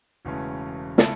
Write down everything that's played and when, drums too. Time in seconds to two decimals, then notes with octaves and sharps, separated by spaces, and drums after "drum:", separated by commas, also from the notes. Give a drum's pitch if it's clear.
0.25 E1 E2 C#3 A3 C#4
0.98 C#3 A3 E4 A4, drum: snare